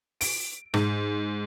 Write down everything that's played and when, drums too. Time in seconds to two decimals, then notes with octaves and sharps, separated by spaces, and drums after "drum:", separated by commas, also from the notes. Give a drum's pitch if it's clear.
0.21 D7, drum: open hi-hat
0.74 G#2, drum: rim click